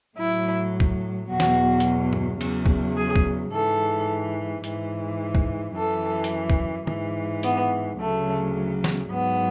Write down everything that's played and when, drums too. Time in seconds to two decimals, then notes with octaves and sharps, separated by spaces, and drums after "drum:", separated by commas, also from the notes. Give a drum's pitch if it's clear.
0.17 A2 F#3 E4
0.80 drum: kick B1
1.29 E2 B2 F#3 F#4
1.40 drum: snare
1.80 drum: hi-hat
2.13 drum: tom G2
2.41 E2 C#3 F#3, drum: cymbal
2.66 drum: kick B1
2.96 G#4
3.16 drum: kick B1
3.52 G#2 E3 A4
4.64 G#2 E3, drum: hi-hat
5.35 drum: kick B1
5.76 F#2 E3 A4
6.24 drum: hi-hat
6.50 drum: kick B1
6.87 G#2 E3, drum: tom
7.43 B3, drum: hi-hat
7.99 D2 C#3 F#3 A3
8.84 drum: snare
9.11 G#2 F#3 B3